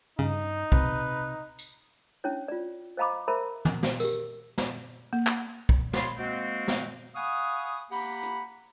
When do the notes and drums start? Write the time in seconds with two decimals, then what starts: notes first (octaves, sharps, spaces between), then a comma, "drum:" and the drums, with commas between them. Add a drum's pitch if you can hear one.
0.19 G2 C#3 D#4
0.72 C3 B4, drum: kick
1.59 drum: tambourine
2.24 C#4 D4 E4 C#5
2.48 F4 D5
2.97 C5 D#5 F5 A#5 B5 D6
3.28 A#4 C5 E5 A#5 B5
3.65 drum: tom
3.83 drum: snare
4.00 G4 A#4, drum: tambourine
4.58 drum: snare
5.13 A#3
5.27 drum: clap
5.69 drum: kick
5.93 C#5 D5 F5 B5 C6, drum: snare
6.18 G#3 A#3 C4 F#4
6.68 drum: snare
7.15 F5 F#5 G#5 B5 C#6 D#6
7.91 A#3 G4 F#5 A#5 B5, drum: open hi-hat
8.23 drum: hi-hat